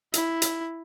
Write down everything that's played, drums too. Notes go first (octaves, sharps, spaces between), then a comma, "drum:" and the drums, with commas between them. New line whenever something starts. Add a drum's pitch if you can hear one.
E4, drum: hi-hat
drum: hi-hat